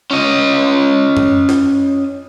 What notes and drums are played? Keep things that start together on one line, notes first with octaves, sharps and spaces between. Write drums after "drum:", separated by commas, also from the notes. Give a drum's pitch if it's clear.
C#4 D#5
drum: tom F#2
drum: snare